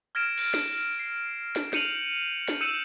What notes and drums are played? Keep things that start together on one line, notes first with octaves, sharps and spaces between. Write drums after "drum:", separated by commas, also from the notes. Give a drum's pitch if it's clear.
F6 G#6 A#6 D7 E7
drum: cymbal
drum: snare
C7
drum: snare
G6 C#7 D#7 F7 F#7, drum: snare
drum: snare
E6 G6 C#7 D#7 E7 F#7